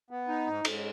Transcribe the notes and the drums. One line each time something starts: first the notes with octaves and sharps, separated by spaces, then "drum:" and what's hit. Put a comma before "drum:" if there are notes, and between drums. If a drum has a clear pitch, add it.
B3
D#4
G#2
G#2, drum: cymbal